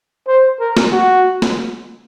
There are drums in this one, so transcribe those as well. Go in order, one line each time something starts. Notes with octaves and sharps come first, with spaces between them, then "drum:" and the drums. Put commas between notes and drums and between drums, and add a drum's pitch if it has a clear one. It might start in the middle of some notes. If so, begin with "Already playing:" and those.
C5
A#4
drum: snare
F#4
drum: snare